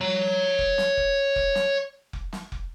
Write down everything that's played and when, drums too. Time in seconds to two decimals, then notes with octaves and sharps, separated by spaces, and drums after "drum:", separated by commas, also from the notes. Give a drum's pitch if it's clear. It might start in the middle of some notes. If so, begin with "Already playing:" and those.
0.01 C#5 A#5
0.59 drum: kick F1
0.78 drum: snare
0.97 drum: kick F1
1.36 drum: kick F1
1.55 drum: snare
2.13 drum: kick F1
2.33 drum: snare
2.52 drum: kick F1